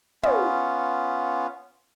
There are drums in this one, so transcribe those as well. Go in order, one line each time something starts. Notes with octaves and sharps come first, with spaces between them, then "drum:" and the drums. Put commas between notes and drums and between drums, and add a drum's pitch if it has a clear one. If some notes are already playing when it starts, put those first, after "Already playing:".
B3 C#4 F4, drum: tom